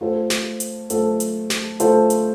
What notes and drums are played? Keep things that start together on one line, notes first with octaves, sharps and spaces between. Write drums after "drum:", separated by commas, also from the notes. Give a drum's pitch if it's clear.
A3 F4 A4 C5
drum: snare
drum: hi-hat
A3 F4 A4 C5, drum: hi-hat
drum: hi-hat
drum: snare
A3 F4 A4 C5, drum: hi-hat
drum: hi-hat